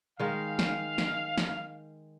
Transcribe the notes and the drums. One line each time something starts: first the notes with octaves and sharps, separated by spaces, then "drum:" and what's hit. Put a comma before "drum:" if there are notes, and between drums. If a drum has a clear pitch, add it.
D#3 G#3 F5
drum: snare
drum: snare
drum: snare